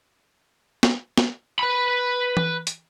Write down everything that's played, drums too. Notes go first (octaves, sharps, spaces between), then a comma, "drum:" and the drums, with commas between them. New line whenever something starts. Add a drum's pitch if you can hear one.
drum: snare
drum: snare
B4 B5
drum: tom E3
drum: hi-hat